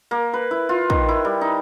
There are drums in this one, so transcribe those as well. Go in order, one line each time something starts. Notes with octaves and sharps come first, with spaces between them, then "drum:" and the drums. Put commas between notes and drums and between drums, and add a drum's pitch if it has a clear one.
A#3
B4
E4
F4
D#3, drum: kick
E4
G3
D#4